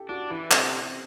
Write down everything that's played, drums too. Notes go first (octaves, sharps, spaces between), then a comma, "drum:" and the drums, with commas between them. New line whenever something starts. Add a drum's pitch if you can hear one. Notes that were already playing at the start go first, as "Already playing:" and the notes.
Already playing: G4 A4
D4 F#4
E3 E4
C3 C4, drum: clap